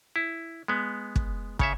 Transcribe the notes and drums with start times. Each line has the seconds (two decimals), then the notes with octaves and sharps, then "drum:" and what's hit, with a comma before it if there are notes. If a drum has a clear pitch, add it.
0.16 E4
0.68 G#3 B3
1.16 drum: kick
1.59 C#3 C#5 E5, drum: kick